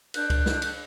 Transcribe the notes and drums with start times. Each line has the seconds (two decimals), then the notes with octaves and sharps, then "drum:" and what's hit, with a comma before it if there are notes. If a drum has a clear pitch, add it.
0.14 D4 F#6 G6, drum: cymbal
0.30 drum: kick C#2, cymbal
0.46 drum: snare
0.62 drum: cymbal